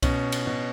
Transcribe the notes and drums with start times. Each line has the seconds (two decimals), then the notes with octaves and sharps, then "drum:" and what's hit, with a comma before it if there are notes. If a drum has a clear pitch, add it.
0.03 B2 C#4, drum: kick C2, cymbal
0.32 drum: cymbal
0.47 B2